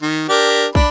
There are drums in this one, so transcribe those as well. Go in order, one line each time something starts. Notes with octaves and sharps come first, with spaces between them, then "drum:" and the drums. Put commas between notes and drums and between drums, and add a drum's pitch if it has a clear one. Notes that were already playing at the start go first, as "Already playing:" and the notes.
D#3
D4 G4 A#4
D4 B5, drum: kick